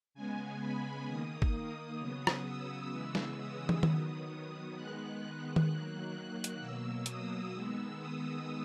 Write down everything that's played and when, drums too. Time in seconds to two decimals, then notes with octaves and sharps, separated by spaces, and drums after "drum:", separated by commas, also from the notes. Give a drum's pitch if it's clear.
0.14 C#3 G#3 B3 G#5
0.61 B5
1.07 D#3 A#3 D#6
1.42 drum: kick
1.99 C#3 F#3 B3
2.27 drum: rim click
2.45 E6
2.90 C#3 E3 G#3 B3
3.15 drum: snare
3.37 D#6
3.69 drum: tom
3.83 D#3 F#3 B3 D#6, drum: tom D#3
4.75 D#3 G#3 B3 F#6
5.56 drum: tom D#3
5.68 D#3 F#3 A#3 F#6
6.13 F#6
6.44 drum: hi-hat
6.59 B2 F#3 A#3 E6
7.06 D#6, drum: hi-hat
7.52 D#3 G#3 B3 E6
7.98 D#6